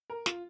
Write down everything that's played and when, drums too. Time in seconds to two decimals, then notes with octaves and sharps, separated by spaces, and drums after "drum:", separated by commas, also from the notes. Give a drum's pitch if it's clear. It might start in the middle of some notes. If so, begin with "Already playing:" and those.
0.10 A#4
0.26 F4, drum: snare